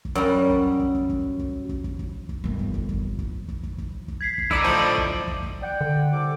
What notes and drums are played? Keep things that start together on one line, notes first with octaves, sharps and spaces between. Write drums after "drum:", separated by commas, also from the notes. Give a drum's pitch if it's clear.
drum: kick
F#2 G3
drum: kick
drum: kick
drum: kick
drum: kick
drum: kick
drum: kick
drum: kick
drum: kick
drum: kick
G1 D#2
drum: kick
drum: kick
drum: kick
drum: kick
drum: kick
drum: kick
drum: kick
drum: kick
G#6 B6 C7
drum: kick
D3 D#4 E4 D5 E6 D7, drum: kick
A2 F3 C5 A5 F#7
drum: kick
drum: kick
drum: kick
D5 F#5 G5
D3
C2 A4 D6